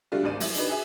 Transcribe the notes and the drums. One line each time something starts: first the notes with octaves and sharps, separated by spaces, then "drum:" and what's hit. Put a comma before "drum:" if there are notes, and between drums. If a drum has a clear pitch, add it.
D3 G3 A3 D4 F4 F#4
G#1 C#2 D5 D#7
F#3 E4, drum: open hi-hat
D4 D#4 F#4 B4, drum: hi-hat
F#4 G#4 E5 G#5